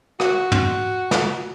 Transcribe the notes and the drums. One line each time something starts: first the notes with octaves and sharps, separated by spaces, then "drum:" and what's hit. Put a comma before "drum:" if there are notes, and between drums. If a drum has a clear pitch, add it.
F#4, drum: rim click
drum: tom
drum: snare